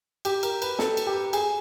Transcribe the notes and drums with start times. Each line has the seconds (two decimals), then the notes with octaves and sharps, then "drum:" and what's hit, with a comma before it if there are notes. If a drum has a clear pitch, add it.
0.25 G4, drum: cymbal
0.43 A#4, drum: cymbal
0.62 B4, drum: cymbal
0.79 A4, drum: snare
0.97 drum: cymbal
1.07 G4
1.33 G#4, drum: cymbal